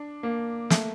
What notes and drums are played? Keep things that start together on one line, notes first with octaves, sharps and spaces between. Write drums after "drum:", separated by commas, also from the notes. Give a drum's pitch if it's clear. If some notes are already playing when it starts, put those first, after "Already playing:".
Already playing: D4
A#3
A3, drum: snare